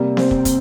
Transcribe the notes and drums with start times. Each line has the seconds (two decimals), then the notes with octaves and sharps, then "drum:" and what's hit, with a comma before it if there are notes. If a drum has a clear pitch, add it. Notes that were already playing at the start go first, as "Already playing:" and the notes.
Already playing: C3 G3 A#3
0.17 C4, drum: snare B3
0.31 drum: kick
0.45 drum: kick, hi-hat